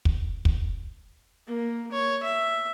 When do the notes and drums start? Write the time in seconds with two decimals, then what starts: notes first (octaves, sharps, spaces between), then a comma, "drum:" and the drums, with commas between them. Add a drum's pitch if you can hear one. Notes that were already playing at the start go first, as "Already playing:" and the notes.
0.05 drum: kick
0.45 drum: kick
1.47 A#3
1.92 C#5
2.23 E5